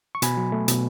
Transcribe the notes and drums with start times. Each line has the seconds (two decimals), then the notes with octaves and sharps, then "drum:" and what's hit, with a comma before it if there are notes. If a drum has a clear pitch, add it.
0.15 C#6
0.22 B2 G#5 B5, drum: hi-hat
0.37 F#3
0.52 A3
0.68 B2, drum: hi-hat